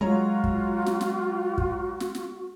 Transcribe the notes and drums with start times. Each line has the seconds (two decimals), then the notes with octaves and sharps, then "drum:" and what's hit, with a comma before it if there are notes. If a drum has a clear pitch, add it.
0.01 F#3 G#3 F4 F#4 C#5 A#5
0.44 drum: kick
0.86 drum: snare
1.01 drum: snare
1.58 drum: kick
2.00 drum: snare
2.15 drum: snare